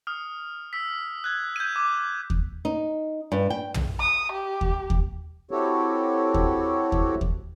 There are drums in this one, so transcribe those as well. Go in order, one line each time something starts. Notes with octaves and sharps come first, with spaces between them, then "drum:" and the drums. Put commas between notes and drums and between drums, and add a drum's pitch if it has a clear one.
D#6 F6
E6 B6
F#6 G#6
G6 D#7
D6
drum: kick D#2
D#4
G2
G5
drum: tom
D#6
G4
drum: kick D#2
drum: kick D#2
C4 E4 F#4 G4 A4 C#5
drum: kick D#2
drum: kick D#2
drum: kick D#2